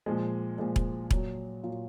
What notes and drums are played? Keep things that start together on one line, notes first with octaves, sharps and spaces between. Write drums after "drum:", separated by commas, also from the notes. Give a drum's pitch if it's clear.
A#2 F3 G#3
A#2 F3 G#3
drum: kick E1
A#2 F#3, drum: kick E1
A#2 F#3 F4